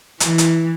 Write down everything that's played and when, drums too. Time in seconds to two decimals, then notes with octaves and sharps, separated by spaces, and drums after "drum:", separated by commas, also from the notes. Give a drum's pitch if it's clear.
0.20 E3, drum: hi-hat
0.38 drum: hi-hat